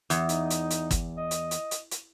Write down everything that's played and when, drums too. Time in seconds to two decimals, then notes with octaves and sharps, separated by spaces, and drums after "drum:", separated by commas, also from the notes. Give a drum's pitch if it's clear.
0.10 E2, drum: hi-hat
0.29 D#4, drum: hi-hat
0.50 drum: hi-hat
0.70 drum: hi-hat
0.91 drum: kick G1, hi-hat
1.17 D#5
1.31 drum: hi-hat
1.51 drum: hi-hat
1.71 drum: hi-hat
1.91 drum: hi-hat